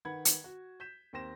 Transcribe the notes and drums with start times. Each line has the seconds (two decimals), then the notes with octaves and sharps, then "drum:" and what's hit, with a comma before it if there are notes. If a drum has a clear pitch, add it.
0.05 D#3 B4 F#5 B5 G#6
0.25 drum: hi-hat
0.44 F#4
0.80 G6 B6 E7
1.13 D#2 C4 G5 C6 A#6 E7